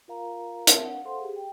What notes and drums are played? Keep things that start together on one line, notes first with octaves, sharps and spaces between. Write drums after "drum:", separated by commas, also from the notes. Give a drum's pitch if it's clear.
F4 A#4 F5 A#5
C4 A#4 C#5 E5 A5, drum: hi-hat
D4 F5 F#5
A4 C5 F5 F#5 C6
G4 G#4
G5